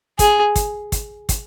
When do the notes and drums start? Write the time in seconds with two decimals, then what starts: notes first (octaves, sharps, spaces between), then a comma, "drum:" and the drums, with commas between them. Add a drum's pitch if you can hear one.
0.19 G#4, drum: kick, hi-hat
0.56 drum: kick, hi-hat
0.92 drum: kick, hi-hat
1.29 drum: kick, hi-hat